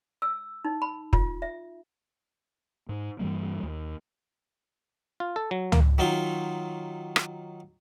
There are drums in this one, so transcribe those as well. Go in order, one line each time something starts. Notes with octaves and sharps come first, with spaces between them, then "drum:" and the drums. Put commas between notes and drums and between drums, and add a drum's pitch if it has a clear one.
E6
D#4
B5
F4, drum: kick
E5
G#2
G2 E3 G3 A#3
D#2
F4
A4
F#3
A#3, drum: tom C#2
D#3 F#3 D#4 F4 C6
drum: rim click